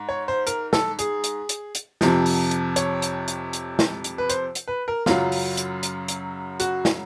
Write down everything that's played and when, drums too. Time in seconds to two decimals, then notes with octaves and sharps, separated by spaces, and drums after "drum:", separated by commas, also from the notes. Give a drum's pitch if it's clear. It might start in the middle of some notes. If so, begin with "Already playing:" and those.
Already playing: G#2
0.09 C#5
0.28 C5
0.47 A#4, drum: hi-hat
0.73 A4, drum: snare
0.99 G#4, drum: hi-hat
1.24 drum: hi-hat
1.49 drum: hi-hat
1.75 drum: hi-hat
2.01 F2 C3 F3, drum: snare
2.26 drum: open hi-hat
2.51 drum: hi-hat
2.76 C#5, drum: hi-hat
3.02 drum: hi-hat
3.28 drum: hi-hat
3.53 drum: hi-hat
3.79 drum: snare
4.04 drum: hi-hat
4.18 B4
4.30 C5, drum: hi-hat
4.55 drum: hi-hat
4.68 B4
4.88 A#4
5.06 F#2 C#3 F#3 F4, drum: snare
5.32 drum: open hi-hat
5.57 drum: hi-hat
5.83 drum: hi-hat
6.08 drum: hi-hat
6.60 F#4, drum: hi-hat
6.85 drum: snare